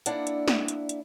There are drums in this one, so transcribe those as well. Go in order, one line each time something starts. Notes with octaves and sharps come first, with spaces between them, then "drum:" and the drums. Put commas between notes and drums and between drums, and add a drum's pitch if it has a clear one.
A#3 D4 E4 D5 F#5, drum: hi-hat
drum: hi-hat
drum: snare
drum: hi-hat
drum: hi-hat